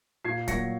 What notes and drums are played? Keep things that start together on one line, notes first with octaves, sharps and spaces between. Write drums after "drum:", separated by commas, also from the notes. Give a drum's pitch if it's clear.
A#2 G#6 C7
F#3 A#3 A#6 C#7, drum: kick C#1, hi-hat